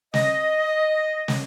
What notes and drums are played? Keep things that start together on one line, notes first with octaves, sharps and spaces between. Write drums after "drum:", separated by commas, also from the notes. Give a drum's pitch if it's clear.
D#5, drum: snare
drum: snare